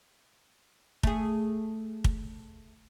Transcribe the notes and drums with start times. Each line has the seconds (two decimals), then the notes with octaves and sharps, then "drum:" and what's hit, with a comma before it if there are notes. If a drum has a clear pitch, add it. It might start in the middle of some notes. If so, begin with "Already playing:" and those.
1.03 A3 G#4, drum: kick
2.04 drum: kick